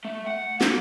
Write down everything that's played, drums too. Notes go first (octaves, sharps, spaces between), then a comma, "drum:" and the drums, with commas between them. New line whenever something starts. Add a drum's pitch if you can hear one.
A3
F#5
A#3, drum: snare